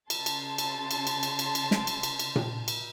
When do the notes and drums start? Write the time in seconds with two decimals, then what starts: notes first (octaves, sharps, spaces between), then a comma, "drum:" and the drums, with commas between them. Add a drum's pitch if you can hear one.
0.10 C#3 A5 C6, drum: cymbal
0.26 drum: cymbal
0.58 drum: cymbal
0.91 drum: cymbal
1.07 drum: cymbal
1.23 drum: cymbal
1.39 drum: cymbal
1.55 drum: cymbal
1.71 drum: snare
1.87 drum: cymbal
2.03 drum: cymbal
2.19 drum: cymbal
2.36 drum: tom A#2
2.68 drum: cymbal